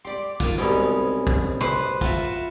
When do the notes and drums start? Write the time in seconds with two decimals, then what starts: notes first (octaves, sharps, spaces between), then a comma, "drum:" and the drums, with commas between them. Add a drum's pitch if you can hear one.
0.05 G4 D5 C6
0.40 D#3 A#3 F4, drum: kick
0.58 C2 G#2 B2 C4 C#4
1.27 drum: kick
1.61 B4 C5, drum: tom
2.01 F4 F#4 E5, drum: kick